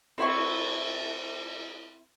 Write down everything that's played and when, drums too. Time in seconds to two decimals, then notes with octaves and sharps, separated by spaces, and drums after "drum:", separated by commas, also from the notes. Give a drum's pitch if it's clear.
0.18 C4 E4 C6 C#6, drum: cymbal